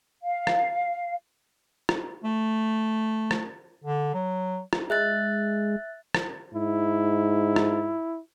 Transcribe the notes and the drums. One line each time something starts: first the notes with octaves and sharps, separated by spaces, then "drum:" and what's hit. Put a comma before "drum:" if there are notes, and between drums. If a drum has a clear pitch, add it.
F5
drum: rim click
drum: rim click
A3
drum: rim click
D3
F#3
drum: rim click
G#3 E5 F#6 A6
drum: rim click
G#2 E4
drum: rim click